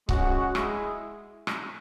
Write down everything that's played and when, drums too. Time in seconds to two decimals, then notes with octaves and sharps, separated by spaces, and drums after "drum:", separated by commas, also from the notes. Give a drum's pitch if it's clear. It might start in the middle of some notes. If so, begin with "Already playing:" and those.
0.09 G#3 C#4 F#4, drum: kick C#1
0.55 G#3 E4 G#4, drum: rim click
1.47 drum: rim click